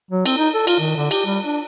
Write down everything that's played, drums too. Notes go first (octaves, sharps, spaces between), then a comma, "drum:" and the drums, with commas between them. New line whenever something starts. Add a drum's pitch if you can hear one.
F#3
C4, drum: cymbal
D#4
A4
F4, drum: cymbal
D#3
D3
G4, drum: cymbal
G3
D4